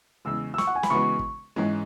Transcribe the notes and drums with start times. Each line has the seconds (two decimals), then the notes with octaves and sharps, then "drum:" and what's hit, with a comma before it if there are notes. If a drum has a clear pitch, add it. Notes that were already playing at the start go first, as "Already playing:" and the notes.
0.25 E2 C#3 G#3 E6
0.54 E6
0.58 C#6, drum: snare
0.67 F#5
0.75 G#5
0.83 B5, drum: snare
0.90 C#3 E3 G#3 B3 F#4 C#6
1.19 drum: kick
1.56 G#2 E3 G#3 C#4